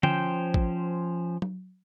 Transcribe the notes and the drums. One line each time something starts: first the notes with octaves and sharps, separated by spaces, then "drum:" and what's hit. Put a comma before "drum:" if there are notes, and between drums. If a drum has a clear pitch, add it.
F3 C#4 C5 G5, drum: tom D3
drum: kick A1
drum: tom F#3